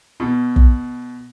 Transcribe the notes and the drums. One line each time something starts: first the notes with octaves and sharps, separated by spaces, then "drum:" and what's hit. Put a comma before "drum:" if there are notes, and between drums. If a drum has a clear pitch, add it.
B2
drum: kick